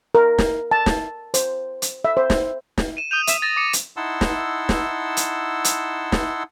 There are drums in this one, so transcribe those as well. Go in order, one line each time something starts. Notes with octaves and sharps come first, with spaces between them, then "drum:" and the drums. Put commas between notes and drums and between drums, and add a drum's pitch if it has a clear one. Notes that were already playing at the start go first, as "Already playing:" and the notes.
A#4
drum: snare
A5
drum: snare
C5, drum: hi-hat
drum: hi-hat
E5
C5
drum: snare
drum: snare
D#7 E7
D#6 G6 D#7 F7
E5, drum: hi-hat
D#6 A6 A#6 E7
D6 C#7
drum: hi-hat
D#4 E4 F#5 A5 C6 E6
drum: snare
drum: snare
drum: hi-hat
drum: hi-hat
drum: snare